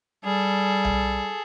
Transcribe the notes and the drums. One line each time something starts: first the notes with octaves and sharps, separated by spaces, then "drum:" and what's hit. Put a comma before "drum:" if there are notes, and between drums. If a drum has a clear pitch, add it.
G3 G#4 A4
drum: tom B1